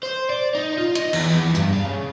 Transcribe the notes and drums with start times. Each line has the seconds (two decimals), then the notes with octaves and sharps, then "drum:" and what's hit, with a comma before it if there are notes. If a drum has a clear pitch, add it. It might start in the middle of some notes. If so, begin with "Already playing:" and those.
0.03 C5
0.30 D5
0.55 D#4
0.78 F4
0.95 D#5, drum: hi-hat
1.13 E2, drum: cymbal
1.30 E2
1.55 G2, drum: tambourine
1.73 F5
1.85 C#3